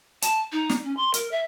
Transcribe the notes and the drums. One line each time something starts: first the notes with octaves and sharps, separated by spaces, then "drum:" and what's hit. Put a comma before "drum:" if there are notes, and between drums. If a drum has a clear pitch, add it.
A5, drum: hi-hat
D#4
drum: snare
C#4
C6
A#4, drum: hi-hat
E5